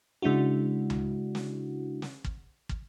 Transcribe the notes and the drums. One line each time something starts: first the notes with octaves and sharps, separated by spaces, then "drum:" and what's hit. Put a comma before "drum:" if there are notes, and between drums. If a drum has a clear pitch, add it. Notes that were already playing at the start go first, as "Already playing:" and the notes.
C#3 G#3 D4 E4 F#4
drum: tom C#2
drum: snare
drum: snare
drum: kick
drum: kick